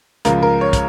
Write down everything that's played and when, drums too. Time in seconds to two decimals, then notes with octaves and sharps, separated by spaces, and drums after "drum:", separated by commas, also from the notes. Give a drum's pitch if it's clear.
0.25 C#2 C#3 F3 A#4, drum: hi-hat
0.43 A#4
0.61 C#5
0.73 drum: kick, hi-hat